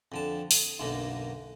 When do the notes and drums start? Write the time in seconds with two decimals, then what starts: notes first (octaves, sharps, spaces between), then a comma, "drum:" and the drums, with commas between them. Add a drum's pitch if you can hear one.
0.12 F2 D3 A5
0.51 D#6, drum: open hi-hat
0.79 B1 F#2 D3 A#3